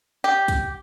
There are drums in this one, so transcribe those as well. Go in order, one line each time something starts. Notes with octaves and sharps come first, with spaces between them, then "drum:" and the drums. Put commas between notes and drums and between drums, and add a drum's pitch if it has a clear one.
G4
drum: kick, hi-hat